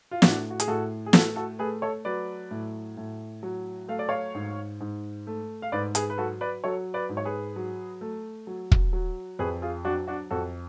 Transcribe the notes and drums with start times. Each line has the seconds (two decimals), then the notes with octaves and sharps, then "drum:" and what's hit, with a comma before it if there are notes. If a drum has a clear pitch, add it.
0.11 F4
0.22 A2 D4 F#4, drum: snare
0.50 F#4
0.60 G#4, drum: hi-hat
0.67 A2 F#4 A4
1.06 G#4
1.13 A3 F#4 A4, drum: snare
1.36 F#4 A4
1.59 A3 G#4 B4
1.82 A4 C#5
2.05 F#3 B4 D5
2.51 A2
2.97 A2
3.43 F#3
3.88 A3 F5
3.99 D5
4.09 C#5 F5
4.35 G#2
4.81 G#2
5.27 A3
5.62 F5
5.72 G#2 B4 D5
5.95 G#4 B4, drum: hi-hat
6.10 B4
6.18 F#3 F#4 A4
6.41 B4 D5
6.64 F#3 A4 C#5
6.94 B4 D5
7.09 G#2
7.17 C#5
7.25 G#4 B4
7.56 F#3
8.01 A3
8.47 F#3
8.71 drum: kick
8.93 F#3
9.39 F2 G#4 B4
9.62 F4 G#4
9.85 F#3 D4 F#4
10.07 D4 F#4
10.31 F2 F#4 A4